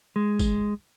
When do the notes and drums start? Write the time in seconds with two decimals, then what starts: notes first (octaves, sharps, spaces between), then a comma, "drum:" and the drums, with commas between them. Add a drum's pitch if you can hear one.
0.16 G#3
0.39 drum: kick, tambourine